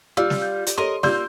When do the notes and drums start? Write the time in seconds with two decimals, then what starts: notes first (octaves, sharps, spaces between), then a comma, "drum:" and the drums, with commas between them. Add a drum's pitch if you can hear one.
0.17 G3 F4 E6 F6
0.30 drum: snare
0.42 G6
0.67 drum: hi-hat
0.78 G4 A4 A#4 C#5 D#5 C6
1.03 A#3 F4 G4 D5 C6 E6 G6, drum: snare